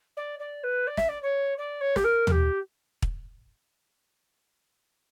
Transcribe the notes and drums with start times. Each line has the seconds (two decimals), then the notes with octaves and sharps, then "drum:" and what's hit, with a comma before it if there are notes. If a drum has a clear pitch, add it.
0.17 D5
0.39 D5
0.63 B4
0.87 D5
0.97 E5, drum: snare
1.09 D5
1.22 C#5
1.58 D5
1.81 C#5
1.96 G4, drum: snare
2.04 A#4
2.27 A#4, drum: tom
2.31 G4
3.02 drum: kick